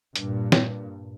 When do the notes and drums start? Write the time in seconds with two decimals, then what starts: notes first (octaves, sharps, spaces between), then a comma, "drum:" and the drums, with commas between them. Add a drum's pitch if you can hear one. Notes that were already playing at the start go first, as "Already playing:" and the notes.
0.16 G2 A#2, drum: hi-hat
0.52 drum: snare